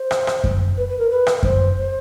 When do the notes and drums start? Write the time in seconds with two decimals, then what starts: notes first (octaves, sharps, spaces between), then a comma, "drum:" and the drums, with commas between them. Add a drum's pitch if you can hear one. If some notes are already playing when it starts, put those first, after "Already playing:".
Already playing: C5
0.11 drum: rim click
0.27 drum: rim click
0.44 drum: kick F#2
0.77 B4
0.88 B4
0.98 A#4
1.10 B4
1.27 drum: rim click
1.43 C5, drum: kick F#2
1.76 C5